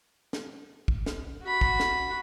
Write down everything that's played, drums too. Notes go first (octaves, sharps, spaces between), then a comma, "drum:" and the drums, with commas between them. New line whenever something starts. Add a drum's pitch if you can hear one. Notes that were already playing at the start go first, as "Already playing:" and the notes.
drum: snare
drum: kick
drum: snare
F#4 B5
drum: kick
drum: snare